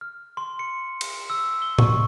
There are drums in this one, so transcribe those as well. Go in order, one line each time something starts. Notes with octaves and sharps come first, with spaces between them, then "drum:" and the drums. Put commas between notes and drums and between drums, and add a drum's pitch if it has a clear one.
F6
C6
C#7
drum: cymbal
E6
G7
C#6, drum: tom A2